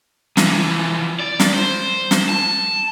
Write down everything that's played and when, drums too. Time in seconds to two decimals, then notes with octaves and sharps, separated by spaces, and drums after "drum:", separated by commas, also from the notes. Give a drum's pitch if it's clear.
0.37 E3 F3, drum: snare
1.20 D5
1.40 drum: snare
1.54 C5
2.11 drum: snare
2.29 A5